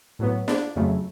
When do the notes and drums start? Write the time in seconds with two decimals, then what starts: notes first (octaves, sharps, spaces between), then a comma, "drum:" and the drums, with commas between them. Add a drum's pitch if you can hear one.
0.19 A2 F#3 B3
0.48 D4, drum: snare
0.76 F2 C#3 F#3 A3